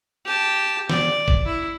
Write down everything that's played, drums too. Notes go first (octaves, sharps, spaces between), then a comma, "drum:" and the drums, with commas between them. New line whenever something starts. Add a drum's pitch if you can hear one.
G4 A5
D5, drum: snare
drum: kick G#1
E4